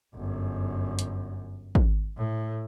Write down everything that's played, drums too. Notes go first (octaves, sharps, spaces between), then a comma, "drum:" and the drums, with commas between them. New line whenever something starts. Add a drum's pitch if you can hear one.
G1 F#2
drum: hi-hat
drum: kick
A2